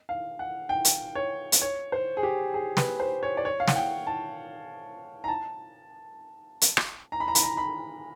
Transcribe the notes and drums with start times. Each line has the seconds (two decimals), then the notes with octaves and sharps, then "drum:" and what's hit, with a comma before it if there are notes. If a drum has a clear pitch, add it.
0.09 F5
0.39 F#5
0.69 G5
0.85 drum: hi-hat
1.15 C#5
1.52 drum: hi-hat
1.62 C#5
1.92 C5
2.17 G#4
2.23 G4
2.54 G#4
2.77 B4, drum: snare
3.00 C5
3.23 C#5
3.37 D5
3.45 C#5
3.60 F5
3.68 F#5, drum: snare
3.76 G5
4.07 A5
5.24 A#5
5.28 A5
6.61 drum: hi-hat
6.77 drum: rim click
7.12 A#5
7.20 B5
7.28 A#5
7.35 B5, drum: hi-hat
7.43 A#5
7.57 B5